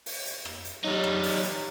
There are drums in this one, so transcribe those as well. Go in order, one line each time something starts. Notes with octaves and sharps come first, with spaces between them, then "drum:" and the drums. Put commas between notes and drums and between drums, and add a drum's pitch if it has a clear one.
drum: open hi-hat
drum: hi-hat
drum: rim click
drum: hi-hat
F#3 G3 D#4
drum: rim click
drum: open hi-hat
drum: hi-hat